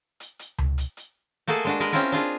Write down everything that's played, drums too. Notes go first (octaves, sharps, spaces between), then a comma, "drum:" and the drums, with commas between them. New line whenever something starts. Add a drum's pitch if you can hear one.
drum: hi-hat
drum: hi-hat
drum: tom C#2
drum: hi-hat
drum: hi-hat
A3 A#3 F#4 G#4 A4
G#3 D4 F#4
G#3 A#4 B4
C4 C#4 E4 F4 A#4, drum: hi-hat
D4 F4 G#4